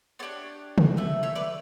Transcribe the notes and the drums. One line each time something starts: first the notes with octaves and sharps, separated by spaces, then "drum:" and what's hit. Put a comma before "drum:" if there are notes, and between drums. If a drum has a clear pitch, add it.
B3 D4 G4 A4 C#5
drum: tom
A3 E4 A4
C#5 E5
B4 D5